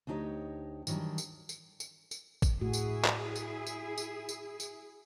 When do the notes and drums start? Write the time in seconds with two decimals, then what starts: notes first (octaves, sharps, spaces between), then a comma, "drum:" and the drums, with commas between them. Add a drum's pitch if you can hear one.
0.07 D2 D4 D#4 G4 C#5 D#5
0.87 D#3 E3 F#3 G3 D4, drum: tambourine
1.18 drum: tambourine
1.49 drum: tambourine
1.80 drum: tambourine
2.11 drum: tambourine
2.42 drum: kick, tambourine
2.61 A2 E4 F#4 G#4
2.73 drum: tambourine
3.04 drum: clap
3.36 drum: tambourine
3.67 drum: tambourine
3.98 drum: tambourine
4.29 drum: tambourine
4.60 drum: tambourine